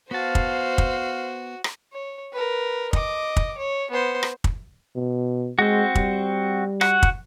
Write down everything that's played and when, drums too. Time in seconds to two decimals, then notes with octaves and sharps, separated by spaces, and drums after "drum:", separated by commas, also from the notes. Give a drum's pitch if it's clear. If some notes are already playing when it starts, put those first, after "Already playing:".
0.11 B3 F#4 C5 F5 A5
0.35 drum: kick
0.78 drum: kick
1.64 drum: rim click
1.93 C#5
2.33 A#4 B4
2.93 D#5 D6, drum: kick
3.37 drum: kick
3.58 C#5
3.91 B3 C5
4.23 drum: rim click
4.44 drum: kick
4.96 B2
5.59 G#3 C4 F#4
5.95 G3, drum: kick
6.81 F#4 F#5, drum: rim click
7.03 drum: kick